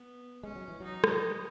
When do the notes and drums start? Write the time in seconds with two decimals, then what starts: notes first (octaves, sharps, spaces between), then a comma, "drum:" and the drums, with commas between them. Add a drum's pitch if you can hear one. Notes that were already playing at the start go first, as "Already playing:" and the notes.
Already playing: B3
0.43 G#3 C#4
0.56 F#3
0.68 E3
0.80 F#3 D#4
1.04 drum: rim click